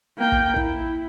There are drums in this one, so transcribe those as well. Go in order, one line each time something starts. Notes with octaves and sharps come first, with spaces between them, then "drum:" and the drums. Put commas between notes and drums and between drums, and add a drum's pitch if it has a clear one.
A#3 G5
drum: kick
E4, drum: kick